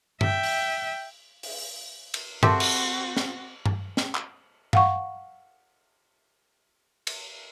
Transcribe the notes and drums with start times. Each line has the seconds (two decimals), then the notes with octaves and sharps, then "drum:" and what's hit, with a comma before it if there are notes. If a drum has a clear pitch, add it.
0.21 E5 G5, drum: tom
0.43 drum: open hi-hat
1.43 drum: open hi-hat
2.14 drum: cymbal
2.43 C4 F#4 G4 A4 A#4 E5 A5 C6, drum: tom
2.60 drum: cymbal
3.17 drum: snare
3.66 drum: tom G2
3.97 drum: snare
4.15 drum: clap
4.73 F5 F#5 C#6, drum: tom G2
7.07 drum: cymbal